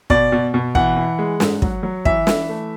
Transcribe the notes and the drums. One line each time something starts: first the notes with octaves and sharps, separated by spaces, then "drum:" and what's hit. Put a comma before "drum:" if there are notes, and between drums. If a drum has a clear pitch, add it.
B2 D5, drum: kick
B2
B2
E3 F#5, drum: kick
E3
G#3
G#2, drum: snare
F#3, drum: kick
F#3
E3 E5, drum: kick
E3, drum: snare
A3